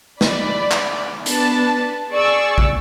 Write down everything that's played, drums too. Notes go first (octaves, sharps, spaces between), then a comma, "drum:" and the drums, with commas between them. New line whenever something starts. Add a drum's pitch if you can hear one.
D5 B5, drum: snare
drum: clap
B3 D4 B4 A5, drum: hi-hat
G#4 D5 C#6 E6
drum: kick A1